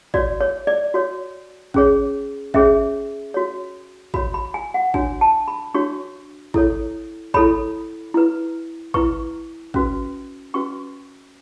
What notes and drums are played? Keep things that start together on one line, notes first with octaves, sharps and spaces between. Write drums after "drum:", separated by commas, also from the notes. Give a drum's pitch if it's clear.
F#4 C#5 D5, drum: kick
C#5
D5
F#4 C#5
C#4 G#4 C#5, drum: kick
C#4 G#4 C#5 E5, drum: kick
F#4 C#5
F#4 C#5 B5, drum: kick
B5
G#5
F#5
D4 F#4 C#5 G#5, drum: kick
A5
B5
D4 F#4 C#5 C#6
E4 A4 C#5, drum: kick
E4 A4 C#5 B5, drum: kick
E4 B4
E4 B4 C#6, drum: kick
C#4 F#4 B4, drum: kick
C#4 F#4 B4 C#6